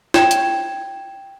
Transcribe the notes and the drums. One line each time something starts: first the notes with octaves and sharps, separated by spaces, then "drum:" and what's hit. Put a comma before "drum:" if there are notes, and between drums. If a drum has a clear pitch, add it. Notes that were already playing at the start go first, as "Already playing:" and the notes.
G5 G#6 E7, drum: snare
drum: hi-hat